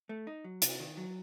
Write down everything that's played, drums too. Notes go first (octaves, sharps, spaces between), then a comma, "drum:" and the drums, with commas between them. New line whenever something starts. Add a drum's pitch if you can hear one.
A3
D#4
F#3
C3 F#4, drum: hi-hat
D#3
F#3